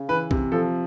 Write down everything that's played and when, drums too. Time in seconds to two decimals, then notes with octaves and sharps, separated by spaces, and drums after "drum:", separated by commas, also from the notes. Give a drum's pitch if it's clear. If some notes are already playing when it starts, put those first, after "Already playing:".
Already playing: C#3
0.09 E3 B4
0.31 C3, drum: kick
0.52 F3 A4